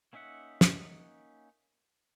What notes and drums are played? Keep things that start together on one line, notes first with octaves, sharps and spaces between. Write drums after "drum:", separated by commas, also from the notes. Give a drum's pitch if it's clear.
A#3 C#4 D#4 E5 F#5
drum: snare